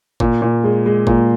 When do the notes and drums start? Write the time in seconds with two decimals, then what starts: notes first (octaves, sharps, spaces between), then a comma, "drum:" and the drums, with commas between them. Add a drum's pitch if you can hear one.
0.20 A#2, drum: kick G1
0.42 A#2
0.64 G#3
0.86 G#3
1.07 A#2, drum: kick G1